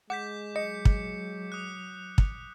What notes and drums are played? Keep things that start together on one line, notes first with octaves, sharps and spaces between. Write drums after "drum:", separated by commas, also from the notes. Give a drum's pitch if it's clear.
G#3 F#5 D6 G6 B6
F#3 D#5 C#7
drum: kick
D#6 F#6
drum: kick